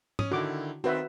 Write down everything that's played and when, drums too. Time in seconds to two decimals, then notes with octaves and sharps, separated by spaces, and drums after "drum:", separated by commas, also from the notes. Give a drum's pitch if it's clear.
0.19 C#4 D#6, drum: tom G#2
0.31 D3 D#3 E4 F#4 D6
0.84 D#3 C4 F#4 B4 E5